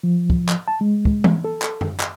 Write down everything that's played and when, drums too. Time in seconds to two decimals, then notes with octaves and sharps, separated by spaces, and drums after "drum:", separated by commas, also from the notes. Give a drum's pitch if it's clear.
0.03 F3
0.30 drum: kick
0.49 drum: clap
0.68 A5
0.81 G#3
1.05 drum: kick
1.24 drum: tom E3
1.44 A4
1.62 drum: clap
1.81 drum: tom F#2
2.00 drum: clap